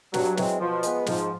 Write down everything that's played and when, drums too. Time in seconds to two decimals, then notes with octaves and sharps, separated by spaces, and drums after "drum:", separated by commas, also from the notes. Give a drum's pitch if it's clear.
0.14 G2 F#3, drum: snare
0.37 E3 G#3 C4, drum: snare
0.60 B2 F3
0.83 G#3 B3, drum: hi-hat
1.06 G#2 F3, drum: snare